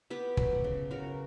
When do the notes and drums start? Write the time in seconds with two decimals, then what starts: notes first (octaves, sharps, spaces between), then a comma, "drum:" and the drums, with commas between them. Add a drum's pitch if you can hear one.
0.10 B3 G4 B4
0.37 F#3, drum: kick
0.64 C#3
0.91 C#3 F#4 A#4